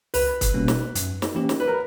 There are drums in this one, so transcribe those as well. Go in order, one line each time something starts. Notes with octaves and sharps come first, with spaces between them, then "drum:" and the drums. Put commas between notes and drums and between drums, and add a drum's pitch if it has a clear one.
C#2 B4, drum: open hi-hat
drum: kick, hi-hat
B2 G3 A#3 C#4
drum: snare
F#2, drum: hi-hat
drum: snare
E3 A#3 C#4 G4
drum: snare
B4
A#4